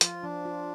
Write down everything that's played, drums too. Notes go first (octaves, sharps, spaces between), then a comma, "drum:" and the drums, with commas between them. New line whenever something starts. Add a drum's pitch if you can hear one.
F3 F4, drum: hi-hat
F3 D4
F4